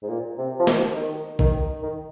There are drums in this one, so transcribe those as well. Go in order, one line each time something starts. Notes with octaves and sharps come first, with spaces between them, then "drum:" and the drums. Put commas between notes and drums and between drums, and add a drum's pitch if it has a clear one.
G#2
A#2
C3
F3
D#3, drum: snare
D#3
D#3, drum: kick A#1
D#3